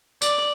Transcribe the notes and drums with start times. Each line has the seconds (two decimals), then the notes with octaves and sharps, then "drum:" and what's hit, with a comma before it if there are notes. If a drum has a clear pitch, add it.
0.22 D5, drum: tambourine